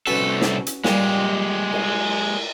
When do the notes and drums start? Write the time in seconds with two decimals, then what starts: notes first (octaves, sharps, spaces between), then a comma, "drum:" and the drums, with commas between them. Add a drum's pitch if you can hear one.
0.07 C2 C#4 F#4 A4 B4
0.41 drum: snare
0.67 drum: hi-hat
0.84 A#2 G3 G#3 G4, drum: snare
1.72 drum: cymbal